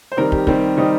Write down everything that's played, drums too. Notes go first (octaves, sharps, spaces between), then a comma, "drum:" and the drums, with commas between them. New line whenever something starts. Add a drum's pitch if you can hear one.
C5
D#3 G3 C4 A#4
G4, drum: kick
D#3 G3 C4, drum: kick
D#3 G3 C4 D#4